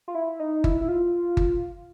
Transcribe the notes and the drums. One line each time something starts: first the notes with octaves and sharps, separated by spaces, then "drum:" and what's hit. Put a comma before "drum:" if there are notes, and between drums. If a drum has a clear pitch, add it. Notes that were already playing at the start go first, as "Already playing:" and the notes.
F4
E4
D#4
E4, drum: kick G1
E4
F4
drum: kick G1